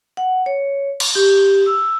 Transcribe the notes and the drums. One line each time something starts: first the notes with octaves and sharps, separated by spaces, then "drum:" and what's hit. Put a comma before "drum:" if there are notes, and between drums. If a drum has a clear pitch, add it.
F#5
C#5
drum: cymbal
G4
E6